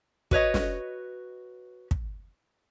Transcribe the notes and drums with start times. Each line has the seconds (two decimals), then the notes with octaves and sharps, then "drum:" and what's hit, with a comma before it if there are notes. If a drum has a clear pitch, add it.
0.31 F#4 B4 C#5 D#5, drum: kick
0.54 drum: snare
1.91 drum: kick